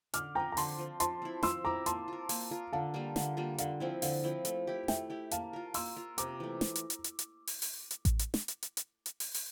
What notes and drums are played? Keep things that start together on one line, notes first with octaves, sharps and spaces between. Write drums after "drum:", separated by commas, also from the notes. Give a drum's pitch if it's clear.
D3 D6 F6, drum: hi-hat
F3 C4 G5 A#5
A#5
D3 A5 C6, drum: open hi-hat
F3 C4
F3 A5 C6, drum: hi-hat
C4 E4
F3 C6 E6, drum: snare
C4 E4 A#5 D6
A#3 A5 C6, drum: hi-hat
F4 A#4
A#3, drum: open hi-hat
F4 A#4
D3 F5 A5
G3 A#3 F4
D3, drum: snare
G3 A#3 F4
D3 F5, drum: hi-hat
F3 C4 E4
D3 F5, drum: open hi-hat
F3 C4 E4
A3, drum: hi-hat
E4 G4
A3 E5 G5, drum: snare
E4 G4
A#3 F5 A5, drum: hi-hat
F4 A#4
A#3 C6 E6, drum: open hi-hat
F4 A#4
C3 A#5 D6, drum: hi-hat
E3 A3
drum: snare
drum: hi-hat
drum: hi-hat
drum: hi-hat
drum: hi-hat
drum: open hi-hat
drum: open hi-hat
drum: hi-hat
drum: kick A1, hi-hat
drum: hi-hat
drum: snare
drum: hi-hat
drum: hi-hat
drum: hi-hat
drum: hi-hat
drum: open hi-hat
drum: open hi-hat